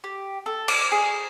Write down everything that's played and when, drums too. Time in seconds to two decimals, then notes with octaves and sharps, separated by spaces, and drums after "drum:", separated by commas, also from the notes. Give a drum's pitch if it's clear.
0.04 G4
0.46 A4
0.68 D6, drum: cymbal
0.92 G#4